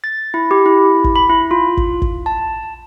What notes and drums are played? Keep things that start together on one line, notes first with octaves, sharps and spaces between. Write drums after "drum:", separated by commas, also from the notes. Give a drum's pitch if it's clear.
A6
E4
G4
E4
drum: kick
B5
E4
F4
drum: kick
drum: kick
A5